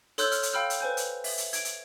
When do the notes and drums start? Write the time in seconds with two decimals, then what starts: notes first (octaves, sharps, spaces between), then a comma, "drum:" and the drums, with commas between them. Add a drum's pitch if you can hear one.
0.18 A4 C#5 C6 E6 F#6 G6, drum: hi-hat
0.32 F6, drum: hi-hat
0.43 drum: hi-hat
0.53 F5 G5 B5 E6 F6 G6
0.70 drum: hi-hat
0.80 B4 C5 G#5 G6
0.97 drum: hi-hat
1.24 E5, drum: open hi-hat
1.38 drum: hi-hat
1.53 G#6 D7, drum: hi-hat
1.65 drum: hi-hat